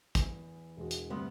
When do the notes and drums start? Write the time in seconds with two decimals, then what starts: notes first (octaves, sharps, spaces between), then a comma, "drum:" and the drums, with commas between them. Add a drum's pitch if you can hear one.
0.15 E2, drum: kick, hi-hat
0.77 E1 G#3 F#4
0.91 drum: hi-hat
1.10 D2 G2 C3 B3 C6 D#6